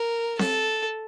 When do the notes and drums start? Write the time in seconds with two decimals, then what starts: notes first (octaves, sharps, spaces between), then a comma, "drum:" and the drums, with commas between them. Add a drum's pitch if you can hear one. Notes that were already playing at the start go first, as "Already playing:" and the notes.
Already playing: A#4
0.39 A4, drum: snare C4